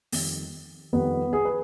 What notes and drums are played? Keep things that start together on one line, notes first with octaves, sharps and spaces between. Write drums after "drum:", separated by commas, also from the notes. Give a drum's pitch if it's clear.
F2 D#3 G3, drum: open hi-hat
F2 D#3 G3 B3 B4
G#4
B4